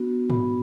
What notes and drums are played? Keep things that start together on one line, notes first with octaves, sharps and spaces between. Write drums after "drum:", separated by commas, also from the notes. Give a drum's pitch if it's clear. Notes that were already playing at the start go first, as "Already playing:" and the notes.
Already playing: B3 D4 F#4
B5, drum: tom